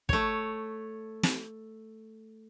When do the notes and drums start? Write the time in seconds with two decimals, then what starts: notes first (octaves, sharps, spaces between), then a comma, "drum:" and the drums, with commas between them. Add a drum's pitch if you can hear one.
0.09 A3 C#5, drum: kick
1.23 drum: snare